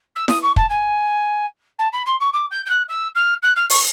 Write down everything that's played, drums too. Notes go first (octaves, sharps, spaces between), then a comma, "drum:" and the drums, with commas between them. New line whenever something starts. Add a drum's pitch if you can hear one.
E6
D#6, drum: snare E4
C#6
A5, drum: kick
G#5
A5
B5
C6
C#6
D6
G6
G6
F#6
E6
F6
F#6
F6
C#6, drum: open hi-hat